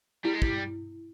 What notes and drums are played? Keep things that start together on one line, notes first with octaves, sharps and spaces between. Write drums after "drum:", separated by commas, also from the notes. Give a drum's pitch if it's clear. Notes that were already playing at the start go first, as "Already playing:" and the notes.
G3 E4
G#3
G3, drum: kick